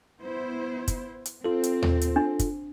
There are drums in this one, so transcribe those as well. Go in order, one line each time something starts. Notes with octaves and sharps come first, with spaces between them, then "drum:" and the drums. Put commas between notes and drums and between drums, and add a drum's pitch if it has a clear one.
B3 E4 C5
drum: kick, hi-hat
drum: hi-hat
C4 F4 A4
drum: hi-hat
drum: tom D#2
drum: hi-hat
D4
drum: kick, hi-hat